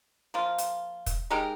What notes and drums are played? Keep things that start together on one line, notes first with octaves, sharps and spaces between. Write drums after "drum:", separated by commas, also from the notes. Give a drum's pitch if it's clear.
F3 A#3 F4
drum: hi-hat
drum: kick, hi-hat
G#3 D#4 G4 A#4